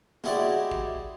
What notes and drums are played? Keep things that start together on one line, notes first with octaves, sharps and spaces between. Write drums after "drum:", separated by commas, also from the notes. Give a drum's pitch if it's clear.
G#3 E4 F#4 G4 D5, drum: snare
drum: kick